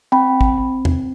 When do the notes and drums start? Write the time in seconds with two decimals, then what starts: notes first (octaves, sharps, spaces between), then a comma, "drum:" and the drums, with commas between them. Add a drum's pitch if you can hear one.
0.12 C4 G5 B5
0.41 drum: kick
0.58 C4
0.85 drum: tom E2